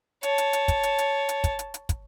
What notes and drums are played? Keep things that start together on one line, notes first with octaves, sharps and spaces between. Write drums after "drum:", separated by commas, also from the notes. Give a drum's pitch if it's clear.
C#5 A5, drum: hi-hat
drum: hi-hat
drum: hi-hat
drum: kick, hi-hat
drum: hi-hat
drum: hi-hat
drum: hi-hat
drum: kick, hi-hat
drum: hi-hat
drum: hi-hat
drum: kick, hi-hat